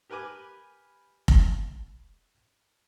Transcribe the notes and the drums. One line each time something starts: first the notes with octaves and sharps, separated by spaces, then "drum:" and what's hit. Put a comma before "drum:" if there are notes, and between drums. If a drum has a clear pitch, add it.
G4 A#4 B4 G#5 D6
drum: kick F1